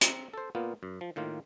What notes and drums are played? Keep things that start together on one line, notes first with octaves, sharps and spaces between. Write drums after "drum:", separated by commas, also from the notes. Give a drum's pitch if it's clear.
C4 A#5, drum: hi-hat
A4 C5
A#2 A#3 B3 F4
F#2
F3
A2 D#3 A#3 F4